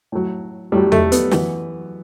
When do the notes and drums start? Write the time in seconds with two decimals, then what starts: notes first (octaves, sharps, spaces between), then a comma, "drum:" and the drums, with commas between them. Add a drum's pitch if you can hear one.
0.12 A2 F#3
0.72 A2 F#3 G3
0.92 A3, drum: tom E2
1.12 B3, drum: hi-hat
1.31 F#2 E3, drum: snare